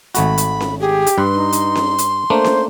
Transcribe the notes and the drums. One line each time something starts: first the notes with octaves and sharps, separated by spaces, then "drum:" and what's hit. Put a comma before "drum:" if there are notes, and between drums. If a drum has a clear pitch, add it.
G#1 A3 F#4 B5, drum: hi-hat
drum: hi-hat
drum: snare C#4
G4 G#4
drum: hi-hat
G2 B4 C6
D#4
drum: hi-hat
drum: snare C#4
drum: hi-hat
A3 A#3 D4 C5
drum: snare C#4